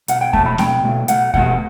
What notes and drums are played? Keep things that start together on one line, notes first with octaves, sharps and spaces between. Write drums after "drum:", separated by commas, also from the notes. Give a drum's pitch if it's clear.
B1 F#5, drum: hi-hat
G5
B2 A3 A5, drum: kick E2
B5
B1 G5, drum: snare
B2 A3
B1 F#5, drum: hi-hat
B2 A3 F#5, drum: kick E2